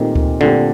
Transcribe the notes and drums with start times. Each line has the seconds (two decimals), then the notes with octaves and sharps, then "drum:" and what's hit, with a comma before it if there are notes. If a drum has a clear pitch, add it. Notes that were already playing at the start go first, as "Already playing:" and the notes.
Already playing: A#2 D#3 A3 C4 G4
0.16 drum: kick C#2
0.40 A#2 D3 A3 C4 G4